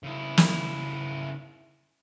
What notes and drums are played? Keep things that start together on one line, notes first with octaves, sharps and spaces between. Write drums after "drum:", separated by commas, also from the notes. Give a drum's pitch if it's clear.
C#3 E4
drum: snare